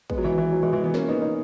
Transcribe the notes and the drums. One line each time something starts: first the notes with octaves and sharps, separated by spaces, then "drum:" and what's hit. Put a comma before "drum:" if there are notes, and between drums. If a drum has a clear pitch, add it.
G#3 B3, drum: kick
F#3
E3 G#3
E3
F#3
E3 G#3
E3 G#3
G#3 B3
A#3 C#4, drum: snare
B3 D#4
B3 D#4